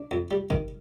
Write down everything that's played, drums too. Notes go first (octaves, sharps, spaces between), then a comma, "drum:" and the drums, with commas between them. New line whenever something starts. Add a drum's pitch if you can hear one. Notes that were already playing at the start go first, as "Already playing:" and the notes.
Already playing: D4
F2
G3
D#3, drum: kick